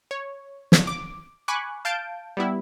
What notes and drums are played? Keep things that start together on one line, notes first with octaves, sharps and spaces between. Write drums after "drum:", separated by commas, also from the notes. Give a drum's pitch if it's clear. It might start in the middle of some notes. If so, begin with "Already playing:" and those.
C#5
drum: snare
D6
G#5 B5 C#6 D6 F#6
F5 A5 G6 D7
G3 B3 E4